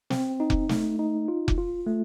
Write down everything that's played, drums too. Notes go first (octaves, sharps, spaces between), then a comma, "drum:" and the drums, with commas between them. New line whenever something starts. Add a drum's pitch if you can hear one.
C4, drum: snare
D#4
drum: kick F1
A3, drum: snare
D#4
F4
drum: kick F1
F4
A3